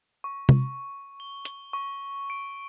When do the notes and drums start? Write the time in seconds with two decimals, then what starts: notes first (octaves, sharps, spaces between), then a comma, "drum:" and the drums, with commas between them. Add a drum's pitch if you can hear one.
0.24 C#6
0.49 drum: tom C3
1.20 G7
1.45 drum: hi-hat
1.73 C#6
2.30 D7